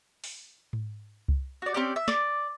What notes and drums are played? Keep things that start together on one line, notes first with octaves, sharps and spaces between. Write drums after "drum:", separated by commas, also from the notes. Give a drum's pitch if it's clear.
drum: open hi-hat
drum: tom G#2
drum: kick C2
F#4 D5
C4 C#4 G4 D5
E5
D5, drum: snare